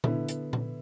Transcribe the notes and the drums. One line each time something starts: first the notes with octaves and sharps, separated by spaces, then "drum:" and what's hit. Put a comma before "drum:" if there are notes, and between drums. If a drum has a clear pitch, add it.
D3 B3 E4, drum: tom A#2
drum: hi-hat
drum: tom A#2